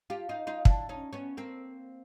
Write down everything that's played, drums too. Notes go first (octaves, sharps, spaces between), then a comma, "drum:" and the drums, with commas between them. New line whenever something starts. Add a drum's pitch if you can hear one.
F4 G4
D#4 F4
D#4 F4
D4 E4, drum: kick
C#4 D#4
B3 C#4
A#3 C4